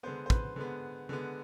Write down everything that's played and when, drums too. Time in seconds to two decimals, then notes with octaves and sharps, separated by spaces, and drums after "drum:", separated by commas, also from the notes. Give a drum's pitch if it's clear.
0.03 D3 G#3 B3 C5
0.26 C5
0.30 B4, drum: kick
0.56 D3 G#3 B3
1.09 D3 G#3 B3